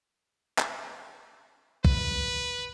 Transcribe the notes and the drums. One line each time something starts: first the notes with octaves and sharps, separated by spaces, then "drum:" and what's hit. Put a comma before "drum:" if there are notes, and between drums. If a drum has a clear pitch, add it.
drum: clap
B4, drum: kick